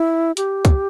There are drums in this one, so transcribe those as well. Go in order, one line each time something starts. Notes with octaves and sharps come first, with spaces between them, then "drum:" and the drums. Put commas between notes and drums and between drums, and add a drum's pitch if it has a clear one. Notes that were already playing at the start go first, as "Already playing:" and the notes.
Already playing: E4
G4, drum: hi-hat
drum: kick, hi-hat